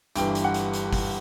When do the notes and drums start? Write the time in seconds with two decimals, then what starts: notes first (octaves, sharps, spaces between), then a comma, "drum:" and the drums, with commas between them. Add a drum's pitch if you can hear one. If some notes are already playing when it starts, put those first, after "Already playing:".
0.16 G1 G2 E3 G3 G5, drum: hi-hat
0.35 drum: hi-hat
0.44 F#5
0.54 drum: hi-hat
0.73 drum: hi-hat
0.93 drum: kick G1, open hi-hat